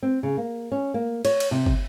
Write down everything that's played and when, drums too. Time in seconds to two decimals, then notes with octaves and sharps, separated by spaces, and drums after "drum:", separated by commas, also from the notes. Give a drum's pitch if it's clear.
0.03 C4
0.23 C#3
0.37 A#3
0.72 C#4
0.94 A#3
1.25 C#5, drum: cymbal
1.40 drum: cymbal
1.51 C3
1.66 drum: kick